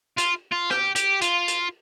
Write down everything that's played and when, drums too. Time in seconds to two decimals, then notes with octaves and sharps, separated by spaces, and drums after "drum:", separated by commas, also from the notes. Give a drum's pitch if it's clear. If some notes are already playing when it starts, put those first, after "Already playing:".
0.18 F4, drum: hi-hat
0.52 F4
0.70 G4, drum: rim click
0.96 G4, drum: hi-hat
1.21 F4, drum: hi-hat
1.48 drum: hi-hat